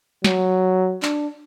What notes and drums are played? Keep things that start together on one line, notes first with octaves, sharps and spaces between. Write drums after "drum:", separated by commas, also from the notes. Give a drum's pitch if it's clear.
F#3, drum: snare
D4, drum: clap